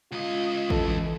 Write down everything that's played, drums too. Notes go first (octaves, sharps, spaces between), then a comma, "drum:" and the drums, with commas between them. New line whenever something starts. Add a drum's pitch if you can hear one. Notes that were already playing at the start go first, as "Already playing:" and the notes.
C#2 F4 D#5
E3 A4, drum: kick